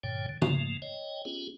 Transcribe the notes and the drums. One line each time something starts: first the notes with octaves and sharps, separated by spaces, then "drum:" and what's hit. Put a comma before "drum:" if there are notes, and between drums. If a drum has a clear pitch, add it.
G2 A#2 D3 C#5 G5
D3
G#2 F3 A3 A#3, drum: tom C#3
C#5 D#5 G5
B3 C#4 F4 G4 G#4